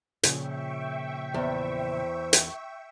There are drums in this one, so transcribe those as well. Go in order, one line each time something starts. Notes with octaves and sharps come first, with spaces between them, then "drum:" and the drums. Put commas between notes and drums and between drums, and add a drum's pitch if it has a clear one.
A#2 C#3 F3 E5 G5 C#6, drum: hi-hat
E2 C5
drum: hi-hat